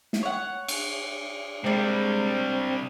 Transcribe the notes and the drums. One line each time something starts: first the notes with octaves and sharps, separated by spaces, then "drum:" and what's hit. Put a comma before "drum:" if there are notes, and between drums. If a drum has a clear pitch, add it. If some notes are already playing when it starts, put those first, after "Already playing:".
drum: snare
C#5 F#5
drum: cymbal
C3 G3 G#3 A#3 C4 D4